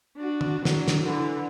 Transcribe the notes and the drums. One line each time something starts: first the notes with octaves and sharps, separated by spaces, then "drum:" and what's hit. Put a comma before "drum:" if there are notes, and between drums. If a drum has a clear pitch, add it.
D4 F#4
drum: tom
F#3 D4, drum: snare
drum: snare
D3 E3